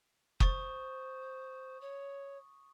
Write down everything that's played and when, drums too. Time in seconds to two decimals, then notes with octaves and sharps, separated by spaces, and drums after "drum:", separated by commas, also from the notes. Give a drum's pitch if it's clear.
0.40 C5 C#6 D#6 A6, drum: kick
1.81 C#5